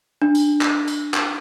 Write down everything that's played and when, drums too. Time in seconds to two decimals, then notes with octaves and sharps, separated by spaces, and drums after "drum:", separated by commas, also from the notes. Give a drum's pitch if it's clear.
0.22 D4
0.35 drum: tambourine
0.61 drum: clap
0.88 drum: tambourine
1.14 drum: clap